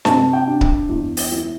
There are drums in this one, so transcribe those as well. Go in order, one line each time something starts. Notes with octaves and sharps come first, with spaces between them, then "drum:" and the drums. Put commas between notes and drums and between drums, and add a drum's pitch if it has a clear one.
C3 A5, drum: snare
G5
D4
drum: kick C#1
E2
drum: open hi-hat
E3